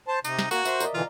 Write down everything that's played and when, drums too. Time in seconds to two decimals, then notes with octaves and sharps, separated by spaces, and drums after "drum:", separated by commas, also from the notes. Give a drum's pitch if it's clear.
0.08 C5 A5
0.24 C3 D#4, drum: tambourine
0.39 drum: snare
0.51 A#3 F#4 A#4, drum: tambourine
0.65 C5 E5, drum: tambourine
0.80 A#4 D5 D#5, drum: tambourine
0.94 B2 D3 E3 F4